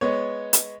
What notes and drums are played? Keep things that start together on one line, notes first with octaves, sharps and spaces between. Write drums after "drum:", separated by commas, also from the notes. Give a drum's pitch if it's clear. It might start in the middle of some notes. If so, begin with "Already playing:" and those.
G#3 B3 C#5
drum: hi-hat